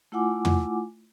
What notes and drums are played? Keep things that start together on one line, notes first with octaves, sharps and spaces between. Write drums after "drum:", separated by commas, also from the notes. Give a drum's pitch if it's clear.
A3 E4 F4 F#5 G#5 D6
drum: tom